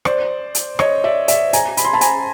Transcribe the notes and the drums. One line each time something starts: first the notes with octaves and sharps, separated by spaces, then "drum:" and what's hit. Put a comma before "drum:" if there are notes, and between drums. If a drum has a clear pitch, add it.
C5 D5, drum: rim click
drum: hi-hat
C#5 D#5, drum: rim click
D5 E5
D5 E5, drum: hi-hat
G#5 A#5, drum: hi-hat
B5, drum: hi-hat
C6
A5 B5
G#5 A#5, drum: hi-hat